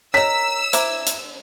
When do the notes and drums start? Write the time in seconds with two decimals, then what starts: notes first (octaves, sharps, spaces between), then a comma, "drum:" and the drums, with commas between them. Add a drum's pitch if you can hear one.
0.14 A#4 C#5 D#5 A#5 E6 B6
0.73 E4 C5 A#5 D6, drum: hi-hat
1.07 drum: hi-hat